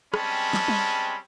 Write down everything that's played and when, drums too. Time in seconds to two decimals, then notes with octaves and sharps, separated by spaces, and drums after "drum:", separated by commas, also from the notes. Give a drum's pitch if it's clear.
0.14 G3 G#3 C4 C#4 A5 B5, drum: rim click
0.53 drum: snare
0.68 drum: tom G3